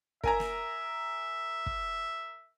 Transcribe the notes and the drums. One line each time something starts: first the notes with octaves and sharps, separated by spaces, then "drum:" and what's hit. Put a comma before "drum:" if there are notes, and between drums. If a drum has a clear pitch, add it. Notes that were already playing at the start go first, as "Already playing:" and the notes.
A#4 E5 G#5 A#5, drum: kick
drum: snare
drum: kick